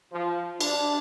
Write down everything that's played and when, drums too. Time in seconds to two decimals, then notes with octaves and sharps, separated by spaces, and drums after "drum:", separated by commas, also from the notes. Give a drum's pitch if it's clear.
0.13 F3
0.61 D4, drum: cymbal